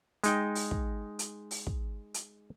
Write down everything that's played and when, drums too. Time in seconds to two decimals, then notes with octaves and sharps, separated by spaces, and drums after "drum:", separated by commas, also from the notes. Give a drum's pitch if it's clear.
0.24 G#3 D#4 G5, drum: hi-hat
0.55 drum: open hi-hat
0.71 drum: kick
1.19 drum: hi-hat
1.51 drum: open hi-hat
1.67 drum: kick
2.14 drum: hi-hat